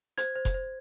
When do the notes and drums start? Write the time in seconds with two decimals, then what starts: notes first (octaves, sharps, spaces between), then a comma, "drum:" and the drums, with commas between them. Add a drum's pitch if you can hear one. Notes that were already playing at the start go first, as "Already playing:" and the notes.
0.18 C5 G#6, drum: hi-hat
0.36 C5
0.45 drum: kick F1, hi-hat
0.54 C5